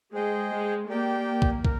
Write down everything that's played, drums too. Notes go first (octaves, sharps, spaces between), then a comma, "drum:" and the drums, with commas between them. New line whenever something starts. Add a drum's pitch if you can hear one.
G#3 G#4 C5 D#5 G5
G#3
A#3 G4 D5 G5
drum: kick
A#4, drum: kick